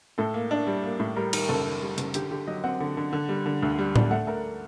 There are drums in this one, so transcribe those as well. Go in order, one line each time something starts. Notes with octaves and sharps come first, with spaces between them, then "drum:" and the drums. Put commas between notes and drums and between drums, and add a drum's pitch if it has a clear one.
A2 A4
A#3
D4
G3
A#3
A2
G3 A#4
D#3 A#4, drum: cymbal
F#1 A4
D#3
G3
F#1, drum: hi-hat
D3 G4, drum: hi-hat
D3 G4
F#3 D#5
C4 F#5
D3
D3
D3
G3
D3
D2
G3
D4, drum: tom A2
A3 F#5
A3 A#4